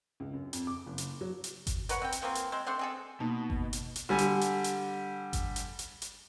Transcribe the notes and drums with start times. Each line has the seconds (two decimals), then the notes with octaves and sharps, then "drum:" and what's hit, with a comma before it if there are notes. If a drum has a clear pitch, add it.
0.20 C#2
0.34 F#2
0.53 F2, drum: hi-hat
0.67 D6
0.86 F#1
0.98 drum: hi-hat
1.21 F#3
1.44 drum: hi-hat
1.67 drum: kick G1, hi-hat
1.89 A#4 B4 C#5 F#5, drum: hi-hat
2.02 C4 G5
2.12 drum: hi-hat
2.22 E3 F3 A#3 C4
2.35 drum: hi-hat
2.52 G#3 C4
2.66 A3 C4 D4 C5
2.79 C4 G#4 A4
3.20 B2 A#3 D#4 A5
3.50 drum: kick G1
3.73 drum: hi-hat
3.96 drum: hi-hat
4.09 D3 G3 G#5
4.18 drum: hi-hat
4.41 drum: hi-hat
4.64 drum: hi-hat
5.33 drum: kick G1, hi-hat
5.56 drum: hi-hat
5.79 drum: hi-hat
6.02 drum: hi-hat